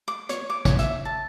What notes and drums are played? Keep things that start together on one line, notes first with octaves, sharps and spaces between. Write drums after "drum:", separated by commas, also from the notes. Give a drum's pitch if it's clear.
D6
C#5, drum: hi-hat
D6
C#5, drum: kick, hi-hat
E5, drum: hi-hat
A5